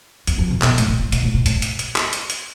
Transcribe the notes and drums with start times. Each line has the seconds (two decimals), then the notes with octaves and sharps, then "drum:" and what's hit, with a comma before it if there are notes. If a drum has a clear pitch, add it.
0.27 E2, drum: hi-hat
0.38 F2
0.50 C3
0.62 B2, drum: clap
0.78 A2, drum: hi-hat
0.89 B2
1.00 A2
1.12 B2, drum: hi-hat
1.24 A2
1.34 B2
1.46 A2, drum: hi-hat
1.62 drum: hi-hat
1.79 drum: hi-hat
1.96 drum: clap
2.13 drum: hi-hat
2.30 drum: hi-hat